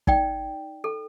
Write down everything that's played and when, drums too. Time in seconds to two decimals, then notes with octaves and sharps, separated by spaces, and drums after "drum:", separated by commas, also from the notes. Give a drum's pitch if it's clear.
0.07 D#4 D5 G5, drum: kick
0.84 A4